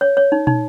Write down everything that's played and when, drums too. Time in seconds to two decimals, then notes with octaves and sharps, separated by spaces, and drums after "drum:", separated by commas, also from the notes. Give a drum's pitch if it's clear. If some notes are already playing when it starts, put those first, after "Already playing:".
0.01 C#5
0.17 C#5
0.32 D#4
0.47 D#4, drum: tom